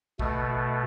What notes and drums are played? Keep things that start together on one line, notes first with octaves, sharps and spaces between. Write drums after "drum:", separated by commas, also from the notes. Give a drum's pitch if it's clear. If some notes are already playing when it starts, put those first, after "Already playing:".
B2 A3, drum: kick A#1